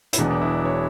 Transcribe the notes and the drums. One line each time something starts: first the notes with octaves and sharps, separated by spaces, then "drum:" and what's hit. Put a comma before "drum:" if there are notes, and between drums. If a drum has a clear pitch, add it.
E4, drum: hi-hat
E1 E2 B2 F#3 D4
D4
E4
C#5